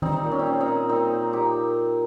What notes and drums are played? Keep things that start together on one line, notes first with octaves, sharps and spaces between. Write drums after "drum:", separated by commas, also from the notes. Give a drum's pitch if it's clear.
G3 C4 D#4, drum: tom D#3
A#2
C#4
C4
A#2 C#4
C4 D#4
A#2
A#2 C4 D#4
A#3
A#2 D#4 G4